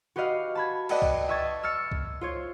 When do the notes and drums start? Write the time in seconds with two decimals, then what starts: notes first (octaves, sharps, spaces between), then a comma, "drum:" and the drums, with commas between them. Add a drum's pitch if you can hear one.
0.16 F#4 G4 B4 D#5 F5 F#5
0.55 A5 B5 G#6
0.89 B4 D5 D#5 F#5 G5 A5, drum: cymbal
1.02 drum: kick C2
1.28 D#5 E5 A5 C#6 G#6 A6
1.63 E6 F6 A6 C#7
1.92 drum: kick C2
2.21 F4 C5 C#5